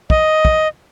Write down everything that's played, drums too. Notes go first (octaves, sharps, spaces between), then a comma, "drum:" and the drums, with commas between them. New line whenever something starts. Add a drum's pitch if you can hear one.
D#5, drum: kick
drum: kick